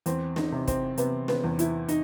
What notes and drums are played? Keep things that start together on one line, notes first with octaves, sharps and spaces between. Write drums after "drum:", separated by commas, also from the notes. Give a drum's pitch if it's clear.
E2 C4, drum: hi-hat
D#4, drum: snare
C3
C4, drum: kick, hi-hat
C3 B3, drum: hi-hat
B3, drum: snare
E2
E4, drum: hi-hat
D#4, drum: hi-hat